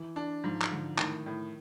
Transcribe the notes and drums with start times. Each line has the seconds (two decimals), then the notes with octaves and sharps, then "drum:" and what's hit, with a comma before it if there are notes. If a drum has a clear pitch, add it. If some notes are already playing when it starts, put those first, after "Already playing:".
Already playing: E3
0.16 D4
0.44 G#2 F3
0.62 drum: clap
0.71 G#2 D3
0.98 A2 D#3, drum: clap
1.26 A2